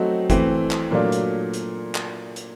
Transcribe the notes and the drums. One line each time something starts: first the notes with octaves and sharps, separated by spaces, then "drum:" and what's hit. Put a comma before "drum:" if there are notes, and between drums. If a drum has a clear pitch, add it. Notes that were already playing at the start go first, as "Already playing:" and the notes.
Already playing: F#3 A3 C4 D#4 F#4
E3 A3 C4, drum: kick G1, hi-hat
drum: clap
A#2 F#3 A3 D4 F4
drum: hi-hat
drum: hi-hat
drum: clap
drum: hi-hat